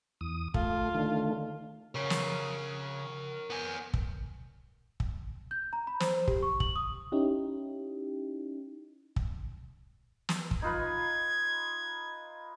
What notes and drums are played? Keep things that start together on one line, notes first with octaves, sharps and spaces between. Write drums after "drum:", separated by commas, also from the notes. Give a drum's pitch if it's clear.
E2 D#6
A3 F4, drum: kick
D3 D#3 A3
C#3 A#4 C#5
drum: snare
B3 G#5
drum: kick
drum: kick
G6
A#5
B5
C5, drum: snare
G4, drum: kick
C#6
F#7, drum: kick
D#6
C#4 D#4 E4 G4
drum: kick
drum: snare
drum: kick
D#4 F4 B4 G#6